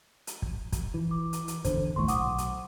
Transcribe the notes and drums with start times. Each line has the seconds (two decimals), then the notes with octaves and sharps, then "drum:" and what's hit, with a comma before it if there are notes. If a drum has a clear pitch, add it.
0.27 drum: hi-hat
0.42 drum: kick
0.72 drum: kick, hi-hat
0.94 E3
1.11 D6
1.33 drum: hi-hat
1.48 drum: hi-hat
1.64 E2 D3 C5, drum: kick, hi-hat
1.96 G#1 D#2 A2 C6 C#6
2.08 B1 F#5 D6 D#6, drum: hi-hat
2.38 drum: hi-hat